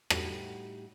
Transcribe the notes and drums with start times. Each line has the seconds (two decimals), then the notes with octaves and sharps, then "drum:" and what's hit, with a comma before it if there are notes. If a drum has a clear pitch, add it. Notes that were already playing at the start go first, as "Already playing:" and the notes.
0.10 A2 G3 D#4 F#4 G4, drum: rim click